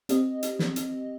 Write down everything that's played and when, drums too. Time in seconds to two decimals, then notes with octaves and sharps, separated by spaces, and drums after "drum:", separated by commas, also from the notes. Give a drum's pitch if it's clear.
0.09 C4 G4 D#5, drum: hi-hat
0.43 drum: hi-hat
0.59 drum: snare
0.76 drum: hi-hat